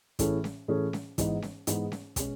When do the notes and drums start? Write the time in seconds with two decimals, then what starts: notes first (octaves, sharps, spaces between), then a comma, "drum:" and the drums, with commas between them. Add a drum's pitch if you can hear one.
0.19 A2 E3 A3 C#4 G#4, drum: kick, hi-hat
0.44 drum: snare C#4
0.68 A2 E3 A3 C#4 G#4
0.93 drum: snare C#4
1.18 G#2 E3 G#3 B3 D#4, drum: kick, hi-hat
1.42 drum: snare C#4
1.67 G#2 E3 G#3 B3 D#4, drum: hi-hat
1.92 drum: snare C#4
2.16 B2 G#3 C#4, drum: kick, hi-hat